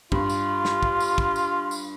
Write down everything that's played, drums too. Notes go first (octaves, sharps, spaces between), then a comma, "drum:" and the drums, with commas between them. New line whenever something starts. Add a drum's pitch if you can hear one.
G2 F4, drum: kick
drum: tambourine
drum: snare
drum: kick
drum: tambourine
drum: kick
drum: tambourine
drum: tambourine